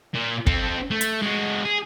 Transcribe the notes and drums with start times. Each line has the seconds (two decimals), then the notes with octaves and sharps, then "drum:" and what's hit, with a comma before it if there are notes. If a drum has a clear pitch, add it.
0.14 A#2
0.47 C4 A4, drum: kick
0.91 A3
1.01 drum: hi-hat
1.22 G#3 F#4
1.65 G#4